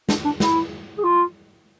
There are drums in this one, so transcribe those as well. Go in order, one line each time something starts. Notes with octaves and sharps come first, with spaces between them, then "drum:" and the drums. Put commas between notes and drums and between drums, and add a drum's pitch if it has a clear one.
D4, drum: snare
D4
E4, drum: snare
G#4
F4